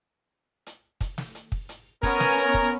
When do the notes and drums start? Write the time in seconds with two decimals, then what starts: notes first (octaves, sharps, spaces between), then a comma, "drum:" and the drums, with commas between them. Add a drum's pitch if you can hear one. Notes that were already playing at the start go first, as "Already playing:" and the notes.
0.66 drum: hi-hat
1.01 drum: kick, hi-hat
1.18 drum: snare
1.35 drum: hi-hat
1.52 drum: kick
1.69 drum: hi-hat
2.03 B3 C#4 A#4 C#5 G#5 A#5, drum: kick, hi-hat
2.20 drum: snare
2.37 drum: hi-hat
2.54 drum: kick